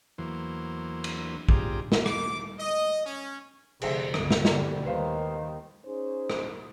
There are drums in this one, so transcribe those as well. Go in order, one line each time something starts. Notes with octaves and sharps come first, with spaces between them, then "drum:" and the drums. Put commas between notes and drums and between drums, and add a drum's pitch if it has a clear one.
E2 E3 F#3 A#3 C5
drum: cymbal
C4 F4 G4 G#4 D5 A#5, drum: kick A#1
drum: snare
D6, drum: rim click
D#5
C#4
F1 D3 G#4 C5 E5, drum: cymbal
G1 C#2 C#3, drum: rim click
drum: snare
D3 G3, drum: snare
D#2 D#3 B4 C5 F5
C#4 D#4 G#4 C5
drum: rim click